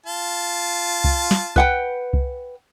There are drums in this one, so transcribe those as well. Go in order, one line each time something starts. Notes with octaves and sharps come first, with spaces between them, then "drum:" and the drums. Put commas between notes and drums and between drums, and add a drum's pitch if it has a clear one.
F4 A5
drum: kick C2
drum: snare
B4 F#5 G5, drum: kick C2
drum: kick C2